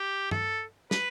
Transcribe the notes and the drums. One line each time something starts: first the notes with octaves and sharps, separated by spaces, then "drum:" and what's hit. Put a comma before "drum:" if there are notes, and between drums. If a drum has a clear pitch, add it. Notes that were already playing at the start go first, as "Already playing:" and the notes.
Already playing: G4
A4, drum: tom G2
B4, drum: snare